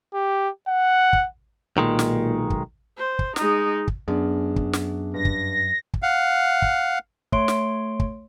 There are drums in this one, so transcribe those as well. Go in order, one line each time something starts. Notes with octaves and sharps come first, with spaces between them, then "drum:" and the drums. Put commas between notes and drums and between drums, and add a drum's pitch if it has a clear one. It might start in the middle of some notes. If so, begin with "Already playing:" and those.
G4
F#5
drum: kick
B1 A#2 D#3 G#3
drum: snare
drum: kick
C5
drum: kick
G#3 D#4, drum: snare
drum: kick
F#2 B3 D4 G#4
drum: kick
drum: snare
G2 A#6
drum: kick
drum: kick
F5 F#5
drum: kick
A3 C#5 C6 D7, drum: kick
drum: snare
drum: kick